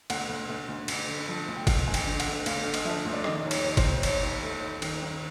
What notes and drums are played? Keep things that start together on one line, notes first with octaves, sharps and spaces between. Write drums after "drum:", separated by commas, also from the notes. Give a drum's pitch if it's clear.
D2 F#5, drum: cymbal
D2
D2
D2
D2, drum: cymbal
D3
F3
D2
G5
D3 F#5, drum: kick F#1, cymbal
D2 G#5
G5, drum: cymbal
D3
F#5, drum: cymbal
D3
D2 F5, drum: cymbal
D3
D#5, drum: cymbal
F3 E5
D2
D5
D#3 D#5, drum: rim click
D#2
C#5, drum: cymbal
D#2
C5, drum: kick F#1, cymbal
D#2
D#2 C#5, drum: cymbal
D#2
A3
D#2
D#3, drum: cymbal
D#3